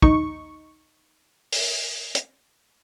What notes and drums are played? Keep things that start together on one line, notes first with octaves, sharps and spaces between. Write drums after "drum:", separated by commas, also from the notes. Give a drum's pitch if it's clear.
A#1 D#2 D#4 C#6, drum: kick
drum: open hi-hat
drum: hi-hat